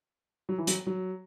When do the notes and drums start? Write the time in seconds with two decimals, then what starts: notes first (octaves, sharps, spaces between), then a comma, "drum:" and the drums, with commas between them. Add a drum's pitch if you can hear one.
0.49 F#3
0.58 E3
0.67 F#3, drum: hi-hat
0.87 F#3